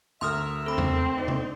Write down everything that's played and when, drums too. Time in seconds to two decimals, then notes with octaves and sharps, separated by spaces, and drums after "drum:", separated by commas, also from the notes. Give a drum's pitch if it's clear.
0.21 D2 A#4 E5 C6 D#6 F6
0.66 C4 A4 B5
0.78 drum: tom E2
1.17 D4 D#4
1.28 drum: tom C3